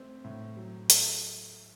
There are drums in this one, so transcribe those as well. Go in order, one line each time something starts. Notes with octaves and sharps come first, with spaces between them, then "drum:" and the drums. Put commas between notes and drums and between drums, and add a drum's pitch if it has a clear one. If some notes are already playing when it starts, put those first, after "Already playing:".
Already playing: A3 C4
A2
F#3
A4, drum: hi-hat